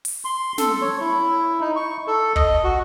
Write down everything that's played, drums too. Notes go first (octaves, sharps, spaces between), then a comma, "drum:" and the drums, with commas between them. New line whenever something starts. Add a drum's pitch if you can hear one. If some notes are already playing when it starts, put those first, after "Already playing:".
drum: open hi-hat
C6
A4, drum: snare
C#5
E4
D#4
C#6
A4
D#5, drum: kick
F#4